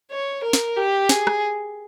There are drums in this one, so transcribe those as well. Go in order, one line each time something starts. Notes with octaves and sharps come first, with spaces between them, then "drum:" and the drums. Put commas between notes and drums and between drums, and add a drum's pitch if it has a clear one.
C#5
A#4
drum: snare
G4
G#4, drum: snare
drum: rim click